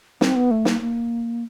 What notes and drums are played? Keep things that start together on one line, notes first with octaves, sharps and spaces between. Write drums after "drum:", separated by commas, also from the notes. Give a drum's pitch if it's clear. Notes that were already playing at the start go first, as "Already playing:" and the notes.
C4, drum: snare
B3
A3
A#3, drum: snare
A#3